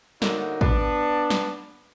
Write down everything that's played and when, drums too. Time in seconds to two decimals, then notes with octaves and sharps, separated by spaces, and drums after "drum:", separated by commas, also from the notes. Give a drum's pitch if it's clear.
0.22 A2 D3 A#3 D#4 F#4, drum: snare
0.61 B3 D4, drum: kick
1.30 drum: snare